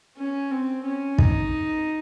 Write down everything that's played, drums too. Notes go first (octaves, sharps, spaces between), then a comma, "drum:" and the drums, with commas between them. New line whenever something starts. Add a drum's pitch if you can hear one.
C#4
C4
C#4
D#4, drum: kick